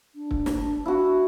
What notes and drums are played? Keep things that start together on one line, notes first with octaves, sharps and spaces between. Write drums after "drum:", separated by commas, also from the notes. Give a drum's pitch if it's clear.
D4
drum: kick
drum: snare
E4 F#4